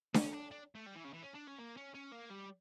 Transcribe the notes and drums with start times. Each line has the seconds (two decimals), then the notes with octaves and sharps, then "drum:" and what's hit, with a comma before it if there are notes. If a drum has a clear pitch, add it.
0.14 C#4, drum: snare D4
0.33 D4
0.51 D4
0.75 A3
0.86 G3
0.95 E3
1.04 C#3
1.13 E3
1.22 C#4
1.34 D4
1.47 C#4
1.58 A#3
1.77 C#4
1.95 C#4
2.12 A#3
2.31 G3